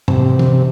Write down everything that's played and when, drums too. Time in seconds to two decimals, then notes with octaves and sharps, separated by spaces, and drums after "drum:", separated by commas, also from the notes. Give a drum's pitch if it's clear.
0.08 C3, drum: tom G#2
0.39 drum: tom